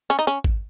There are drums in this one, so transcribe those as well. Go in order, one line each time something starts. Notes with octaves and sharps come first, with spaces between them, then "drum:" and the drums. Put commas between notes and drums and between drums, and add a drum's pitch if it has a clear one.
C#4
D#4
C#4
drum: kick